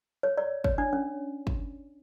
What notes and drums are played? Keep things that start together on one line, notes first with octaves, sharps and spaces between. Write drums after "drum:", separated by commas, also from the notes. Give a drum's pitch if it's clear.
C#5
D5
C#5, drum: kick
D4
C#4
drum: kick